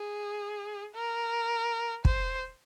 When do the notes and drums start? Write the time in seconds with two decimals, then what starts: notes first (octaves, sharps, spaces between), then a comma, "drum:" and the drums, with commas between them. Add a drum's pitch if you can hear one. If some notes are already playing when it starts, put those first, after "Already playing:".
Already playing: G#4
0.94 A#4
2.05 C5, drum: kick